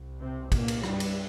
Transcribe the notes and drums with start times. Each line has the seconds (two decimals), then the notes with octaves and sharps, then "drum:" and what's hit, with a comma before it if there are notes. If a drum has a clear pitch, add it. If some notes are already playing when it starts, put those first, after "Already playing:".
Already playing: C2
0.20 C3 C4
0.52 A#2 A#3, drum: kick, cymbal
0.68 drum: cymbal
0.84 G2 G3, drum: rim click
1.00 drum: cymbal